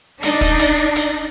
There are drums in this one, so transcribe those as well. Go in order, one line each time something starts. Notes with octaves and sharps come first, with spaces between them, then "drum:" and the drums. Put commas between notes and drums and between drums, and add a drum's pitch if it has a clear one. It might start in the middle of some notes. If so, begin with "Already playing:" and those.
D4 D#4, drum: hi-hat
drum: kick, hi-hat
drum: hi-hat
drum: hi-hat